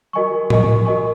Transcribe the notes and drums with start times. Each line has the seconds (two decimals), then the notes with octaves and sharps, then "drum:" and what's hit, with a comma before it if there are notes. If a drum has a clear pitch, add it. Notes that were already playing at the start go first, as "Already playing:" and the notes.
0.13 F#4 A#4 D#5 G#5 C#6
0.50 F#4 A#4 D#5 G#5 C#6, drum: tom A2
0.85 F#4 A#4 D#5 G#5 C#6